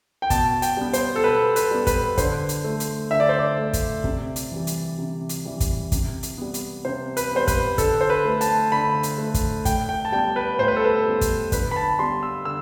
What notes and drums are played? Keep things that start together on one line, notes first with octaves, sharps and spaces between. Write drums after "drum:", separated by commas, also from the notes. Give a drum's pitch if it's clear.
G5
B2 A5, drum: kick, hi-hat
G5, drum: hi-hat
G3 B3
C5, drum: hi-hat
A4
B2 B4
B4, drum: hi-hat
G3 B3
B4, drum: kick, hi-hat
D3 C5, drum: kick, hi-hat
drum: hi-hat
A3
drum: hi-hat
D3 E5
D5
C5
D5
A3
drum: kick, hi-hat
C3, drum: kick
drum: hi-hat
E3 G3
drum: hi-hat
C3
drum: hi-hat
E3 G3
drum: kick, hi-hat
C3, drum: kick, hi-hat
drum: hi-hat
G3 B3
drum: hi-hat
C3 C5
B4, drum: hi-hat
G3 B3 C5
B4, drum: kick, hi-hat
D3 A4, drum: kick, hi-hat
C5
B4
A3
A5, drum: hi-hat
D3 B5
drum: hi-hat
A3
drum: kick, hi-hat
A2 G5, drum: kick, hi-hat
G5
A5
G3 B3 G5
B4
A2 C5
B4
A4
B4
G3 B3
drum: kick, hi-hat
D3 B4, drum: kick, hi-hat
B5
A5
G3 B3 C6
E6
D3 E6